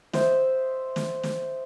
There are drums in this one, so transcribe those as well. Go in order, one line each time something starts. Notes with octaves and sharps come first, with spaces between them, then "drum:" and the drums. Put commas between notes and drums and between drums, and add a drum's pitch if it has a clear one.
C5 D#5 E5, drum: snare
drum: snare
drum: snare